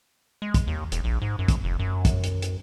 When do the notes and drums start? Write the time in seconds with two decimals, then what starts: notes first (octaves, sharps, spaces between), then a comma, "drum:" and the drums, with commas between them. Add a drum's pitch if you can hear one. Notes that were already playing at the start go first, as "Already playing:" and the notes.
0.42 G#3
0.54 drum: kick, hi-hat
0.67 D#2
0.92 E1, drum: hi-hat
1.04 A#1
1.22 G#2
1.39 F#2
1.48 drum: kick, hi-hat
1.64 F1
1.79 F#2
2.05 drum: kick, hi-hat
2.24 drum: hi-hat
2.42 drum: hi-hat